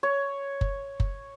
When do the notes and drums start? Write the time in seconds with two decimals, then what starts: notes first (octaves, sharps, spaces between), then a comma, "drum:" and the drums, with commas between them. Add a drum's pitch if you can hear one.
0.03 C#5
0.61 drum: kick F#1
1.00 drum: kick F#1